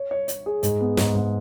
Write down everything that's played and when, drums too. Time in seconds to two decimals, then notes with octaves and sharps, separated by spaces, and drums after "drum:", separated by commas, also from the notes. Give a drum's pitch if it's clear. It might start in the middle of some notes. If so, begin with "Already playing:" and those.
Already playing: C#5
0.11 C#5
0.28 C#5, drum: hi-hat
0.46 G#4
0.63 G#2, drum: hi-hat
0.80 B3
0.97 G#2, drum: snare
1.15 G#2